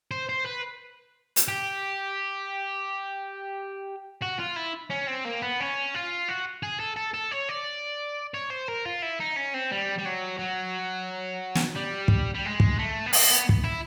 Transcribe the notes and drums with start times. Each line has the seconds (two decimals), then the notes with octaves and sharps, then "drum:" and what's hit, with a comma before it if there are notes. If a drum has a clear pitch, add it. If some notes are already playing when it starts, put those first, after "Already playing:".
0.11 C5
0.29 C5
0.46 B4
1.36 drum: hi-hat
1.48 G4
4.22 F#4
4.39 F4
4.56 E4
4.91 C#4
5.08 C4
5.25 A#3
5.42 B3
5.60 C#4
5.94 F4
6.29 F#4
6.63 G#4
6.80 A4
6.96 A4
7.14 A4
7.31 C#5
7.49 D5
8.34 C#5
8.50 C5
8.68 A#4
8.85 F4
9.02 E4
9.20 D#4
9.36 C#4
9.54 C4
9.71 G3
9.98 G3
10.05 F#3
10.39 F#3
11.55 drum: snare
11.76 G3
12.08 drum: kick
12.34 G3
12.45 G#3
12.60 drum: kick
12.79 A3
13.06 B3
13.13 A#3, drum: open hi-hat
13.30 B3
13.49 drum: kick
13.64 E4